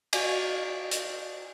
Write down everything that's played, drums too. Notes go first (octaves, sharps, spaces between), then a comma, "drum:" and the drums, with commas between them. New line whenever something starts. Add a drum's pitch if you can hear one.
F#4 D5 D#5 F5 G#5, drum: cymbal
drum: hi-hat